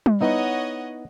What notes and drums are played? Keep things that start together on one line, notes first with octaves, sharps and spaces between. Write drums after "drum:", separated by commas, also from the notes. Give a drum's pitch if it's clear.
drum: tom G3
B3 D#4 E4 C#5 D#5 F#5